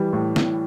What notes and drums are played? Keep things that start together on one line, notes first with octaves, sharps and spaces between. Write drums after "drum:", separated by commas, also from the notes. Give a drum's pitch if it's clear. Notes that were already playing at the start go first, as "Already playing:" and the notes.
Already playing: E3 G3
A2
A2, drum: snare